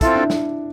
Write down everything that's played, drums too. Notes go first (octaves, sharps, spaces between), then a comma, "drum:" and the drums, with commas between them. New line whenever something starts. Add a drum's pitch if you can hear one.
C4 E4 F4 A4, drum: kick, hi-hat
D4
drum: snare